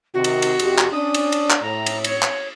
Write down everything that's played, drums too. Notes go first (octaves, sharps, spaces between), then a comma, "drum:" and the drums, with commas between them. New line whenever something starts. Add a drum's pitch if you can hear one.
C3 D#3 F#4
drum: cymbal
drum: cymbal
F2 C3 G4, drum: cymbal
drum: clap
C#4 D4 D5 D#6
drum: cymbal
drum: cymbal
drum: clap
A2 A#5
drum: cymbal
C#5, drum: cymbal
drum: clap